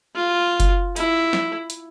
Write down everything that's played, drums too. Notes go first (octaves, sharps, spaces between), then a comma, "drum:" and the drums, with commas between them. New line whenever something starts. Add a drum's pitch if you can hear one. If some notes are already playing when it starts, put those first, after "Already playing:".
F4
drum: kick F#1, hi-hat
E4, drum: hi-hat
drum: snare
drum: hi-hat